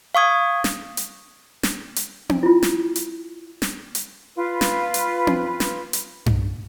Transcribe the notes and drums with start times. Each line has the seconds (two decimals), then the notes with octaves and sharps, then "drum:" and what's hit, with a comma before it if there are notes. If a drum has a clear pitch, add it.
0.15 F5 C#6 D#6 G#6
0.64 drum: snare
0.97 drum: hi-hat
1.63 drum: snare
1.96 drum: hi-hat
2.29 drum: tom C4
2.43 E4 F4
2.63 drum: snare
2.96 drum: hi-hat
3.62 drum: snare
3.95 drum: hi-hat
4.35 F4 B4
4.61 drum: snare
4.94 drum: hi-hat
5.27 drum: tom C4
5.60 drum: snare
5.93 drum: hi-hat
6.26 drum: tom G2